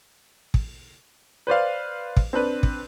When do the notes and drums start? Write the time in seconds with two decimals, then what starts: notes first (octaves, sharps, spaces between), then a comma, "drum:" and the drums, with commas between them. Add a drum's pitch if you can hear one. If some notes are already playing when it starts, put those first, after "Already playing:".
0.54 drum: kick
1.47 B4 C5 D5 F5
2.17 drum: kick
2.33 C4 D4 B4
2.63 drum: kick